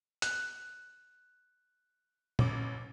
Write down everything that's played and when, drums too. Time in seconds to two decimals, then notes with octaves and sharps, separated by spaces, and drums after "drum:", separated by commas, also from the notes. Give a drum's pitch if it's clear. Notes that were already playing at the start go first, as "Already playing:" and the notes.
0.22 F#6, drum: hi-hat
2.39 A1 C#4 D6, drum: tom A#2